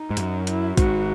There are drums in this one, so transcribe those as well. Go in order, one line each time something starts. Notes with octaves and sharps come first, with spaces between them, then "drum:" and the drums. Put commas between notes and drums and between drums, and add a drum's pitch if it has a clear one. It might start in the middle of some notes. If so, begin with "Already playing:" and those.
Already playing: D#4
G#2
F#2, drum: hi-hat
E4, drum: hi-hat
G#1 G#2 F#4, drum: kick A#1, hi-hat